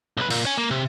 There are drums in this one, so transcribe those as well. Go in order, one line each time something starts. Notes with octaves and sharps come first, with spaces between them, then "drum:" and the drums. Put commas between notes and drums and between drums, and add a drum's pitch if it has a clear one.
B1 B4
A#2, drum: cymbal
C#5 G#5
A#3
C3